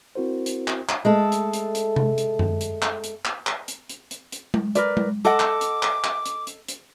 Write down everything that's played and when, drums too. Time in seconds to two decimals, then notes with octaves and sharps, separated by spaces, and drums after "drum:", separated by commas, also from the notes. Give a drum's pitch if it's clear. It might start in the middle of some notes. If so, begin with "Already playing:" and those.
0.15 C4 E4 F#4 A#4 C5
0.46 drum: hi-hat
0.68 drum: clap
0.89 drum: clap
1.05 G#3 A3 A4
1.32 drum: hi-hat
1.53 drum: hi-hat
1.75 drum: hi-hat
1.96 drum: tom C3
2.18 drum: hi-hat
2.39 drum: tom F#2
2.61 drum: hi-hat
2.82 drum: clap
3.04 drum: hi-hat
3.25 drum: clap
3.47 drum: clap
3.68 drum: hi-hat
3.89 drum: hi-hat
4.11 drum: hi-hat
4.32 drum: hi-hat
4.54 drum: tom G#3
4.75 A#4 B4 D5, drum: hi-hat
4.97 drum: tom G#3
5.25 A4 D#5 F#5 D6
5.40 drum: clap
5.61 drum: hi-hat
5.83 drum: clap
6.04 drum: clap
6.26 drum: hi-hat
6.47 drum: hi-hat
6.68 drum: hi-hat